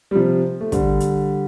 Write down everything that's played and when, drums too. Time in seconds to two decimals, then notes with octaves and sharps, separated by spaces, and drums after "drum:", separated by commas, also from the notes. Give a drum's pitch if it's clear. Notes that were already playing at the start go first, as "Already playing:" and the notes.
0.11 G3
0.15 C3 F3
0.61 A3
0.72 D3 G3, drum: kick, hi-hat
1.00 drum: hi-hat